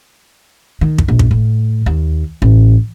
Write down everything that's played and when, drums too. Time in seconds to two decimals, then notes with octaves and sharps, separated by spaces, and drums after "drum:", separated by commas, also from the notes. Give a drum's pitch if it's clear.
0.81 D#3
0.98 drum: kick
1.08 A#1
1.19 drum: kick
1.31 A2
1.86 D#2
2.42 A1